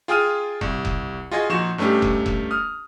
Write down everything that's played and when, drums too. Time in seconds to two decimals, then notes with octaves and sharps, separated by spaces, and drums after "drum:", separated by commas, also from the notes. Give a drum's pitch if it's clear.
0.08 F4 G#4 G5 D#6 F6 D#7
0.61 C2, drum: kick F1
0.85 drum: kick F1
1.31 F4 F#4 G#4 D#5 G#5 G#6
1.49 A#2 F3 D#4 F#4 C#6 E7
1.78 G2 A3 C#4 D#4 G4
2.02 drum: kick F1
2.26 drum: kick F1
2.51 D#6 F6